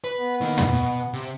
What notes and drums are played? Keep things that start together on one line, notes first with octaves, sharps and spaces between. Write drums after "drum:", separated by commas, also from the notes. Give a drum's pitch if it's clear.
B4
B3
D#3 A#3
drum: tom
B2
C3